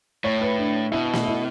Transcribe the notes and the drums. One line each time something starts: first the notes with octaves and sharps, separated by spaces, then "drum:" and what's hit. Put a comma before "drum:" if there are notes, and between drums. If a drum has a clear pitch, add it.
A2 C#5
B4
D4
B2 E4
drum: snare
E4